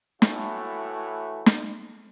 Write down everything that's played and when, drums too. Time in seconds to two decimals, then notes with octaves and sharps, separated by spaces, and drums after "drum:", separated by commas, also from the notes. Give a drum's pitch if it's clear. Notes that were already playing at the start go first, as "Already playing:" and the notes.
0.22 A2 E3 A3 E4 F#4, drum: snare
1.46 drum: snare